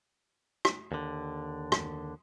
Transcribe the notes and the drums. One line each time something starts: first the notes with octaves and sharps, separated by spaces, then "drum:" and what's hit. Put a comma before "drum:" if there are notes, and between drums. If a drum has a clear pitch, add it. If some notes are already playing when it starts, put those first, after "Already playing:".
drum: rim click
D#2 D3
drum: rim click